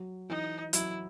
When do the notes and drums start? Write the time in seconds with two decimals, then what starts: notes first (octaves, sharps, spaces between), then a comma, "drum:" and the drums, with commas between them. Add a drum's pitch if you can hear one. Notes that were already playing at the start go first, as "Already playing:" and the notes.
Already playing: F#3
0.29 E3 D#4
0.73 F#3 E4, drum: hi-hat